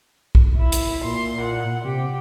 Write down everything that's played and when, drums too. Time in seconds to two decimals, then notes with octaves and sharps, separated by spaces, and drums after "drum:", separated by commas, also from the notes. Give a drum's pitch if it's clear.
0.35 drum: kick
0.58 E4
0.72 drum: hi-hat
1.04 A#2 C6
1.41 F#5
1.85 C3 G4